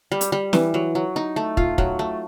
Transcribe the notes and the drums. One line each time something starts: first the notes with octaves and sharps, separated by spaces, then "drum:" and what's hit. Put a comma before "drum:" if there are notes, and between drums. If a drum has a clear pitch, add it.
G3
drum: hi-hat
G3
E3, drum: snare
F#3
F#3
D#4
A3
F4, drum: kick
F#3, drum: kick
A3